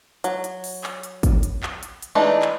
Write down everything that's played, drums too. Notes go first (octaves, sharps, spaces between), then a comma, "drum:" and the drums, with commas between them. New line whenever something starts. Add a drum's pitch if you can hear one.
F#3, drum: hi-hat
drum: hi-hat
drum: open hi-hat
drum: clap
drum: hi-hat
drum: kick, hi-hat
drum: hi-hat
drum: clap
drum: hi-hat
drum: hi-hat
E3 G#3 A3 D4 D#4
drum: clap